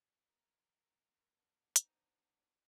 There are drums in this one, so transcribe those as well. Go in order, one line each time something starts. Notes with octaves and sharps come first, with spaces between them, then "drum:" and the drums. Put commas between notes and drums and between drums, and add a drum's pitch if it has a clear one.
A#4
B3 D4
D#4 C5, drum: hi-hat